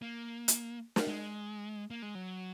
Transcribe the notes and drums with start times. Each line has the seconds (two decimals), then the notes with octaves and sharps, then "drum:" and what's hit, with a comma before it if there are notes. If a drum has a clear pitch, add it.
0.02 A#3
0.48 drum: hi-hat
0.96 drum: snare
1.08 G#3
1.90 A#3
2.02 G#3
2.15 F#3